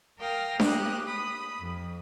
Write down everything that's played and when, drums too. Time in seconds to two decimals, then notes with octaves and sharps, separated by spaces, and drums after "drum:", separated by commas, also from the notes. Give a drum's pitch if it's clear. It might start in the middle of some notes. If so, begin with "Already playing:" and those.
0.18 A#4 F5 G5 D#6 F6 A#6
0.60 A#3 C#4 G4 D#6 F#6, drum: snare D4
1.06 B5 D#6
1.58 F2